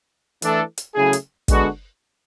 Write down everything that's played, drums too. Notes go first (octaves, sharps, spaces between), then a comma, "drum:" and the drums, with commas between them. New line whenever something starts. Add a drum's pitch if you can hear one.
E3 A3 D4 A4, drum: hi-hat
drum: hi-hat
C#3 F#3 A3 E4 G#4
drum: hi-hat
D3 G#3 B3 D4 F#4, drum: kick, hi-hat